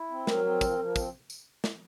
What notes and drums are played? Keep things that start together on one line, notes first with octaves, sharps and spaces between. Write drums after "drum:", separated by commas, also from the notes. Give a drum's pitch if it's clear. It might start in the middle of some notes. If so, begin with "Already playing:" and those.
Already playing: E4
C4
F#3 A#4, drum: snare
C4
F3, drum: kick, tambourine
F3
C4, drum: kick, tambourine
drum: tambourine
drum: snare